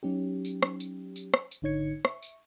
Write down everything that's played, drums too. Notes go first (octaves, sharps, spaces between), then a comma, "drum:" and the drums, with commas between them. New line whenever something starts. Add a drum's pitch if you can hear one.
F#3 C#4 D#4 G4
drum: tambourine
drum: rim click
drum: tambourine
drum: tambourine
drum: rim click
drum: tambourine
G#1 D3 D#4 C#5 G#6 C#7
E5 C#6, drum: rim click
drum: tambourine